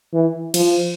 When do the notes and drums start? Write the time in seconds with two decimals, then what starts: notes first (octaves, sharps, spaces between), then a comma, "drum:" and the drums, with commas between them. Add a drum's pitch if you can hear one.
0.13 E3
0.54 F3, drum: cymbal